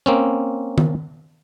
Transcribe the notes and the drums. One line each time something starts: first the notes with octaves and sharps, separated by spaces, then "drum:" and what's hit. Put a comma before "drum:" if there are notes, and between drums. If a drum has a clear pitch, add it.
A#3 C4 C#4
drum: tom D#3